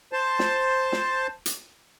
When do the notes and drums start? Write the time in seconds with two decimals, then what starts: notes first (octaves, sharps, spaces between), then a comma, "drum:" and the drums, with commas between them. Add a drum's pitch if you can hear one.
0.13 C5 A5
0.39 drum: snare
0.92 drum: snare
1.46 drum: hi-hat